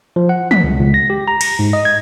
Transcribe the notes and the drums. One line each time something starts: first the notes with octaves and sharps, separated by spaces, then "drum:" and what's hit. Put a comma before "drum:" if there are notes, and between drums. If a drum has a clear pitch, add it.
F3
F#5
B6, drum: tom
C#2
C#2
A#6
G4
A#5
A#6, drum: cymbal
G#2
D#5
G#6